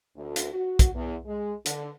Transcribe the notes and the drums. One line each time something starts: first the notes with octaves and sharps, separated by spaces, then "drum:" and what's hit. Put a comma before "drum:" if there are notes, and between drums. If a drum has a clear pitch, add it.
D2
drum: hi-hat
F#4
drum: kick, hi-hat
E2
G#3
D3, drum: hi-hat